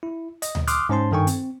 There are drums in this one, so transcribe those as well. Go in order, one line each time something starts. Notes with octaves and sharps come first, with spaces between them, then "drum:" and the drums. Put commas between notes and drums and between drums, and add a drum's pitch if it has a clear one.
E4
D#5, drum: hi-hat
drum: tom D2
C6 D6 D#6 F6 F#6, drum: hi-hat
G#2 C#4 C5 A5 C6
G2 D#3 A4 G5 G#5 C#6
C4, drum: hi-hat